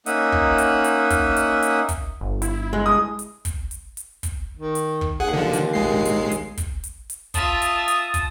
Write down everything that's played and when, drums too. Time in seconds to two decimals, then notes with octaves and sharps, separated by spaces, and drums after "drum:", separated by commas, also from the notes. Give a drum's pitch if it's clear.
0.06 A#3 C#4 D#4 E5 F#5 D#6, drum: hi-hat
0.32 drum: kick
0.58 drum: hi-hat
0.84 drum: hi-hat
1.10 drum: kick, hi-hat
1.36 drum: hi-hat
1.63 drum: hi-hat
1.89 drum: kick, hi-hat
2.20 G1
2.42 E4, drum: hi-hat
2.73 G#3
2.86 D#6
3.19 drum: hi-hat
3.45 drum: kick, hi-hat
3.71 drum: hi-hat
3.97 drum: hi-hat
4.23 drum: kick, hi-hat
4.57 D#3
4.75 drum: hi-hat
5.01 drum: kick
5.20 D#2 G#4 F#5
5.33 D3 F3
5.53 drum: hi-hat
5.73 A#1 G#3 C7
6.05 drum: hi-hat
6.31 drum: hi-hat
6.57 drum: kick, hi-hat
6.84 drum: hi-hat
7.10 drum: hi-hat
7.34 F4 E5 A5 D#6, drum: kick, hi-hat
7.62 drum: hi-hat
7.88 drum: hi-hat
8.14 drum: kick, hi-hat